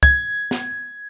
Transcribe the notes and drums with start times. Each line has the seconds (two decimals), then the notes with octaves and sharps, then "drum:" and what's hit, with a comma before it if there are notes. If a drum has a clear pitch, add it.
0.03 G#6, drum: kick
0.51 drum: snare